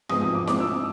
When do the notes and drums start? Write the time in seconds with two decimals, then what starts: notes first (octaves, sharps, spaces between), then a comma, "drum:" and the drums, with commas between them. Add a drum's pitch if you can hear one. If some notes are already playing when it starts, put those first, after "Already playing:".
0.09 G#2 F3 G#3 B3 D#6, drum: rim click
0.22 D#6
0.34 D6
0.47 D6, drum: snare E4
0.60 E6